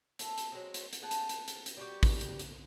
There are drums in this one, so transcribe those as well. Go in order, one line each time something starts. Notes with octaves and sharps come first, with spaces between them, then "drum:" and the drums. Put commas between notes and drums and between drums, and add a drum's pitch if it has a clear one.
A3, drum: hi-hat
drum: hi-hat
F#3 G#3 C4
drum: hi-hat
drum: hi-hat
G#4 F#5 G5 A5
drum: hi-hat
drum: hi-hat
drum: hi-hat
drum: hi-hat
G3 F#4 G4
drum: kick, open hi-hat
drum: hi-hat
drum: hi-hat